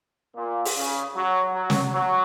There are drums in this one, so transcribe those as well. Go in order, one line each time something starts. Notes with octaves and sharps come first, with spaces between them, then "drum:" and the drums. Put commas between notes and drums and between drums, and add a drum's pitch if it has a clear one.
A#2
drum: open hi-hat
C#3
F#3
F#3
drum: snare
F#3